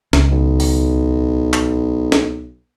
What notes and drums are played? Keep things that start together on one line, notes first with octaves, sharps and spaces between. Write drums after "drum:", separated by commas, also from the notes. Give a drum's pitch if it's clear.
C#2, drum: snare
B1
drum: open hi-hat
drum: clap
drum: snare